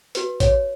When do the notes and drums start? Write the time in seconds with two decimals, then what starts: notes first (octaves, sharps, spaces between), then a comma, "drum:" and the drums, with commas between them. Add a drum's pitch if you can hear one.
0.15 F#4 B4, drum: hi-hat
0.40 C#5, drum: kick A1, hi-hat